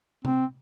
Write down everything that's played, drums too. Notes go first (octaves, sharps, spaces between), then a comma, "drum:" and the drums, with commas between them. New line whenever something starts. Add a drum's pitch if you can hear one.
C4, drum: tom C3